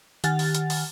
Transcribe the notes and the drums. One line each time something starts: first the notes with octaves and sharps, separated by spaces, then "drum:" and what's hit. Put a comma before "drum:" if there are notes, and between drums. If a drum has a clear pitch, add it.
D#3 G4 F#5 G#5 F6 A6, drum: hi-hat
drum: open hi-hat
drum: hi-hat
drum: open hi-hat